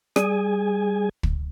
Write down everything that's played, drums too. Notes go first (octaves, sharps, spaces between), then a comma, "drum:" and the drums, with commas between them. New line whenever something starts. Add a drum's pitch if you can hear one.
G3 G#4 G#5, drum: rim click
drum: kick